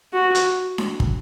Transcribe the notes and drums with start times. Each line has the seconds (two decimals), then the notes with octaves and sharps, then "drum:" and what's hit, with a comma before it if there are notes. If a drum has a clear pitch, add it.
0.13 F#4
0.35 drum: hi-hat
0.78 drum: snare D4
1.00 drum: kick